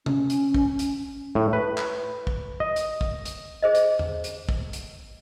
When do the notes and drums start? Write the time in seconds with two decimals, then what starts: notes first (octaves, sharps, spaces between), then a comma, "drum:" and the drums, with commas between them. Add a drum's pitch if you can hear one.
0.06 C#4, drum: tom
0.30 drum: hi-hat
0.54 drum: kick
0.79 drum: hi-hat
1.35 A2
1.53 B4
1.78 drum: clap
2.27 drum: kick
2.60 D#5
2.76 drum: hi-hat
3.01 drum: kick
3.25 drum: hi-hat
3.62 G#4 C5 D#5
3.75 drum: hi-hat
3.99 drum: tom E2
4.24 drum: hi-hat
4.49 drum: kick
4.73 drum: hi-hat